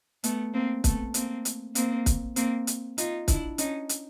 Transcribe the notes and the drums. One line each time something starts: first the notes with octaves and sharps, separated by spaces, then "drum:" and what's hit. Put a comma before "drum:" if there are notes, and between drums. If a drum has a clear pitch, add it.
A3 B3, drum: hi-hat
A#3 C4
A3 B3, drum: kick, hi-hat
A#3 C4, drum: hi-hat
drum: hi-hat
A#3 C4, drum: hi-hat
drum: kick, hi-hat
A#3 C4, drum: hi-hat
drum: hi-hat
D#4 F4, drum: hi-hat
D4 E4, drum: kick, hi-hat
C#4 D#4, drum: hi-hat
drum: hi-hat